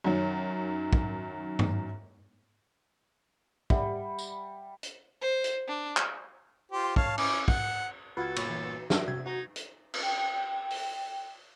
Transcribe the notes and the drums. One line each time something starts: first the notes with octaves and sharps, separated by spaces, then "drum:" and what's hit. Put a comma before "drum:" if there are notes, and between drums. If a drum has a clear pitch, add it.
F#2 D#3 F#3
drum: kick
drum: tom G2
G3 E5 F#5, drum: kick
drum: tambourine
drum: hi-hat
C5
drum: hi-hat
D4
drum: clap
F4 G4 C5
C#5 F5 A5, drum: kick
C#4 E4 D6, drum: cymbal
F#5, drum: kick
C#2 F4 F#4 A4 B4 F#5 G#6
G1 A#2 C#5 B5 C#6, drum: cymbal
E3
F#4 A#4 E5, drum: snare
C3 G#6
D#4 F#4 A#5
drum: hi-hat
drum: cymbal
G5
drum: open hi-hat